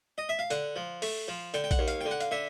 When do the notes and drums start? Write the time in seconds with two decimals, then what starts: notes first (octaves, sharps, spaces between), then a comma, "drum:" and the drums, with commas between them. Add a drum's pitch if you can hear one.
0.18 D#5
0.29 E5
0.39 F5
0.50 D3 F#5, drum: hi-hat
0.76 F3
1.02 A3, drum: open hi-hat
1.28 F3
1.54 D3 G5, drum: hi-hat
1.64 G5
1.71 F#5, drum: kick A#1, hi-hat
1.79 D#2
1.88 F5, drum: hi-hat
2.01 D3 G5
2.11 F#5
2.21 F5, drum: hi-hat
2.31 D3 E5